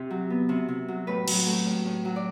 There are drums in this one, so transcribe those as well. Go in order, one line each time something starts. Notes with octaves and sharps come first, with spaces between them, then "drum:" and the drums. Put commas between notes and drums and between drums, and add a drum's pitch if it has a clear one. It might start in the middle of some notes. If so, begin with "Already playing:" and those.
Already playing: C3 G4
F#3
B3
C3
C3
F#3
A2 B4
F#3, drum: cymbal
A3
A2
A2
F#3
D5